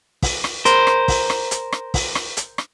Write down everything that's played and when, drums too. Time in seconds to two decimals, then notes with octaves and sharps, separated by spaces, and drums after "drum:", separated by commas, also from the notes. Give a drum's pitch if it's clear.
0.23 drum: kick, open hi-hat
0.44 drum: rim click
0.65 A#4 C5, drum: hi-hat
0.87 drum: rim click
1.08 drum: kick, open hi-hat
1.30 drum: rim click
1.51 drum: hi-hat
1.72 drum: rim click
1.94 drum: kick, open hi-hat
2.15 drum: rim click
2.37 drum: hi-hat
2.58 drum: rim click